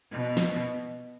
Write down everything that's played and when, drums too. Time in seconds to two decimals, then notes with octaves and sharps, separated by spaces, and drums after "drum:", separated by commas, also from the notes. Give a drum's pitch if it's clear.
0.11 B2
0.37 drum: snare